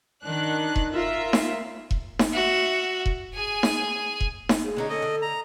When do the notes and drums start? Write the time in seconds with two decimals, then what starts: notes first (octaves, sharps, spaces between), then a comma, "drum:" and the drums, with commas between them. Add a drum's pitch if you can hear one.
0.22 D#3 D4 F#6
0.76 drum: kick E1
0.92 F4 A#4 E5
1.33 drum: snare D#4
1.91 drum: kick E1
2.19 drum: snare D#4
2.32 F#4 E5
3.06 drum: kick E1
3.34 G#4 G#5
3.63 drum: snare D#4
4.21 drum: kick E1
4.49 drum: snare D#4
4.64 G#4
4.77 D3 C#4 D#4
4.90 A4 D#5
5.02 D3
5.22 A#5